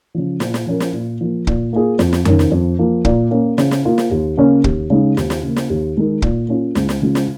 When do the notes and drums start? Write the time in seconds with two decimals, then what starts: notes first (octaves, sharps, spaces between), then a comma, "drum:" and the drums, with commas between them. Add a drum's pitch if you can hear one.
0.15 C#3 F3
0.40 A#2, drum: snare
0.54 drum: snare
0.67 F3 C#4 A#4
0.80 drum: snare
0.93 A#2
1.21 F3 A#3
1.47 A#2, drum: kick
1.73 A#3 F4 G#4
1.99 F2, drum: snare
2.13 drum: snare
2.25 D#3 C#4 A#4, drum: tom F2
2.39 drum: snare
2.52 F2
2.79 F3 A#3
3.05 A#2, drum: kick
3.31 A#3 C#4
3.58 C#3, drum: snare
3.71 drum: snare
3.85 A#3 F4
3.98 drum: snare
4.11 D#2
4.37 C#3 A#3 C#4
4.64 D#2, drum: kick
4.90 C#3 G#3 D#4
5.17 D#2, drum: snare
5.30 drum: snare
5.43 C#3 A#3
5.56 drum: snare
5.70 D#2
5.96 D#3 G#3 D#4 A#4
6.22 A#2, drum: kick
6.48 A#3 C#4 F4
6.75 C#2, drum: snare
6.89 drum: snare
7.01 C#3 G#3 C#4 F4
7.15 drum: snare